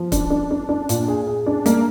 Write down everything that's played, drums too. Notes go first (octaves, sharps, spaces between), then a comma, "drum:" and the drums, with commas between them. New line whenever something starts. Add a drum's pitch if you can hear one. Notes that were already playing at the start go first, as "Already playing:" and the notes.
Already playing: F3
D4, drum: kick, hi-hat
D4
D4
D4
A#2, drum: hi-hat
G#4
G#4
D4
A#3, drum: hi-hat